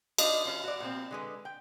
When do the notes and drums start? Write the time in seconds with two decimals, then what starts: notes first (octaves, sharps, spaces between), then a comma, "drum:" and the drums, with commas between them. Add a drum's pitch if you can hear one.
0.18 D4 D#4 D#5 F5, drum: cymbal
0.45 E3 C#4 F4
0.64 F#4 D5
0.80 A#2 F3 C4
1.11 D3 G#3 B4
1.45 G5